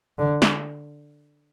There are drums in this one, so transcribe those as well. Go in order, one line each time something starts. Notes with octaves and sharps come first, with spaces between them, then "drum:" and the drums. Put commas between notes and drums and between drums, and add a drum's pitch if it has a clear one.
D3
drum: snare